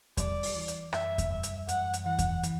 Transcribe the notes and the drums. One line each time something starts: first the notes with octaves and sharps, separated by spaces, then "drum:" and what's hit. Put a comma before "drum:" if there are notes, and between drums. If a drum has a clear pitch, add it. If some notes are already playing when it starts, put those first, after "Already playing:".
G3 D5, drum: kick E2, hi-hat
drum: open hi-hat
E3
drum: hi-hat
F#2 E5, drum: rim click
drum: kick E2, hi-hat
F#2 E5
drum: hi-hat
F#2 F#5, drum: hi-hat
drum: hi-hat
E3 F#5
drum: kick E2, hi-hat
E3, drum: hi-hat